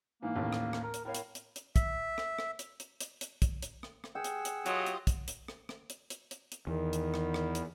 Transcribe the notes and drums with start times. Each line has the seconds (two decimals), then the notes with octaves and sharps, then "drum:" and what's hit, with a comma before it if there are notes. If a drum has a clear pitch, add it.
0.22 G#2 E3 A#3
0.35 A1 D#2 A2
0.53 drum: rim click
0.73 drum: rim click
0.83 A#4
0.94 drum: hi-hat
1.05 A2 A#4 C#5 F5
1.15 drum: hi-hat
1.35 drum: hi-hat
1.56 drum: hi-hat
1.76 E5, drum: kick, hi-hat
2.18 drum: rim click
2.39 drum: rim click
2.59 drum: hi-hat
2.80 drum: hi-hat
3.00 drum: hi-hat
3.21 drum: hi-hat
3.42 drum: kick, hi-hat
3.62 drum: hi-hat
3.83 drum: rim click
4.04 drum: rim click
4.15 G#4 F#5 G5 E6
4.24 drum: hi-hat
4.45 drum: hi-hat
4.66 F#3 F4 G4 D#5, drum: hi-hat
4.86 drum: hi-hat
5.07 drum: kick, hi-hat
5.28 drum: hi-hat
5.48 drum: rim click
5.69 drum: rim click
5.90 drum: hi-hat
6.10 drum: hi-hat
6.31 drum: hi-hat
6.52 drum: hi-hat
6.67 E2 D#3
6.93 drum: hi-hat
7.14 drum: rim click
7.34 drum: rim click
7.55 drum: hi-hat